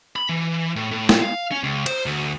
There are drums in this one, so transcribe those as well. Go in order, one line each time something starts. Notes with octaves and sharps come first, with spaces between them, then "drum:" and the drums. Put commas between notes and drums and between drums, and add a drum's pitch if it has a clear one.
B5
E3
A2
A2
drum: snare
F5
C#4
C#2
C5, drum: cymbal
D2